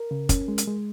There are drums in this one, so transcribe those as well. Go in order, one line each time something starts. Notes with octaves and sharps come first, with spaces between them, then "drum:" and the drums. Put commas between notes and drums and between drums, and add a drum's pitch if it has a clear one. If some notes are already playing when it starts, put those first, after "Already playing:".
Already playing: A#4
C#3
C#4, drum: kick, hi-hat
G#3
drum: hi-hat
G#3